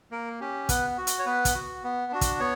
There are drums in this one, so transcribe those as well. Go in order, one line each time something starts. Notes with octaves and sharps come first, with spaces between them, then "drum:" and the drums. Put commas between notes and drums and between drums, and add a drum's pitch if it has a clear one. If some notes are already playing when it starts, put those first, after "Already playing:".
A#3 A#4
C#4 G4
B3 B4, drum: kick, hi-hat
F#4
drum: hi-hat
C#5
B3 B4
drum: kick, hi-hat
F#4
B3
D4 F#4
drum: kick, hi-hat
B3 C#5